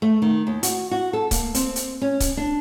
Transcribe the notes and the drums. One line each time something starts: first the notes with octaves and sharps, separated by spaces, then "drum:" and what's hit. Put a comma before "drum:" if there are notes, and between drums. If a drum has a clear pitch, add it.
A3
D#3
D#2
F#4, drum: hi-hat
F#4
A4
A#3, drum: kick C#1, hi-hat
C4, drum: hi-hat
drum: hi-hat
C#4
drum: kick C#1, hi-hat
D4